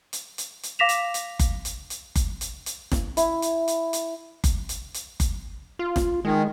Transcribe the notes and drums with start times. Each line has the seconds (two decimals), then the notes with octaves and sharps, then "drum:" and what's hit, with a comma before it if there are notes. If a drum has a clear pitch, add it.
0.13 drum: hi-hat
0.38 drum: hi-hat
0.63 drum: hi-hat
0.79 F5 D6 A#6 B6 E7 F7
0.89 drum: hi-hat
1.14 drum: hi-hat
1.39 drum: kick F#1, hi-hat
1.65 drum: hi-hat
1.90 drum: hi-hat
2.16 drum: kick F#1, hi-hat
2.41 drum: hi-hat
2.66 drum: hi-hat
2.92 drum: snare
3.17 E4, drum: hi-hat
3.42 drum: hi-hat
3.68 drum: hi-hat
3.93 drum: hi-hat
4.44 drum: kick F#1, hi-hat
4.69 drum: hi-hat
4.94 drum: hi-hat
5.20 drum: kick F#1, hi-hat
5.79 F4
5.96 drum: snare
6.25 D#3 G#3